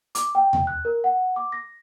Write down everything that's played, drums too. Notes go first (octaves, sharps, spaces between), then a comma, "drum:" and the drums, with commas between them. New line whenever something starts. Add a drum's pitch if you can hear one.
D6, drum: hi-hat
G5
drum: tom E2
F#6
A#4
F#5
D6
A#6